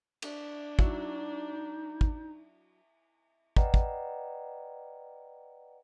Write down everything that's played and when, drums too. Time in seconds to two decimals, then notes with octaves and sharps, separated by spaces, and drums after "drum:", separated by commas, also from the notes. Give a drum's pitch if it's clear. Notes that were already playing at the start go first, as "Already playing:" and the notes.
0.22 D4, drum: cymbal
0.79 F#3 D#4 E4 F#4, drum: kick
2.01 drum: kick
3.57 B4 D5 D#5 F#5 G5 A#5, drum: kick
3.74 drum: kick